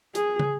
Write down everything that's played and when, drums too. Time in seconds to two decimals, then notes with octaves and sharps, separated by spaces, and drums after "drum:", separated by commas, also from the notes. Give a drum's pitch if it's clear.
0.15 G#4, drum: hi-hat
0.39 drum: tom